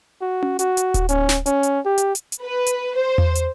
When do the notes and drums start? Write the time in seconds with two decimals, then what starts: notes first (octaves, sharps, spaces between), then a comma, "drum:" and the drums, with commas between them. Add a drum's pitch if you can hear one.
0.21 F#4
0.43 drum: tom C#4
0.59 F#4, drum: hi-hat
0.77 drum: hi-hat
0.94 drum: kick D1, hi-hat
1.09 C#4, drum: hi-hat
1.29 drum: snare
1.46 C#4, drum: hi-hat
1.63 drum: hi-hat
1.85 G4
1.98 drum: hi-hat
2.15 drum: hi-hat
2.32 drum: hi-hat
2.43 B4
2.66 drum: hi-hat
2.96 C5
3.18 drum: tom E2
3.35 drum: hi-hat